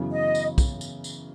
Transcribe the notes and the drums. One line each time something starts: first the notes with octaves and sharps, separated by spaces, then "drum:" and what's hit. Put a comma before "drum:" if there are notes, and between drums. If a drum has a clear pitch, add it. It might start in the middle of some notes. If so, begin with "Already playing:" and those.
Already playing: F#2 C#3 E3 B3
D#5
drum: tambourine
drum: kick, tambourine
drum: tambourine
drum: tambourine